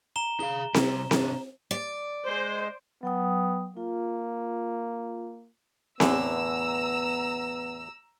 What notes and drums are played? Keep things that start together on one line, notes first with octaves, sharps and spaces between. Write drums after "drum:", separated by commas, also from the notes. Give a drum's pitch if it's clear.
A#5 E7 G7
G#4 F5 G7
C3 G3, drum: snare C4
C3 D4, drum: snare C4
D5
G#3 C5
F#3 B3 G5 D#6
A#3 F4
E2 A2 D3 B3 A#5 E6, drum: snare C4